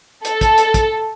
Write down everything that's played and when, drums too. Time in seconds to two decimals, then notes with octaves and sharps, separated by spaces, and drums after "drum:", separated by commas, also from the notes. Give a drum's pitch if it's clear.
0.25 A4, drum: hi-hat
0.41 drum: kick, hi-hat
0.58 drum: hi-hat
0.74 drum: kick, hi-hat